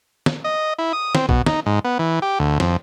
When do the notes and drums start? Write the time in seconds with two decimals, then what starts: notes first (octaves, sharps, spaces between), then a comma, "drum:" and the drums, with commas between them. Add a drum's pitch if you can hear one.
0.26 drum: snare
0.44 D#5
0.79 E4
0.93 D#6
1.15 C4, drum: snare
1.29 B2, drum: kick
1.46 D#4, drum: snare
1.66 G#2
1.85 B3
1.99 E3
2.22 G4
2.39 D2
2.60 F2, drum: snare